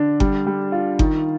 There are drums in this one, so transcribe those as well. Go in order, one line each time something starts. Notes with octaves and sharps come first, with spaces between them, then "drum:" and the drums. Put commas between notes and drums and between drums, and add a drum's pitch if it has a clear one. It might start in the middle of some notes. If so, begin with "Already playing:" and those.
Already playing: D3 D4
G3, drum: kick G1
G3
F4
D#3, drum: kick G1